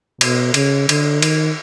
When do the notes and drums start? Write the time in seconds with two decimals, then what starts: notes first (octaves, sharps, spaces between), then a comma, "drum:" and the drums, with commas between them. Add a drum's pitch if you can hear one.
0.21 B2, drum: cymbal
0.54 C#3, drum: cymbal
0.89 D3, drum: cymbal
1.22 D#3, drum: cymbal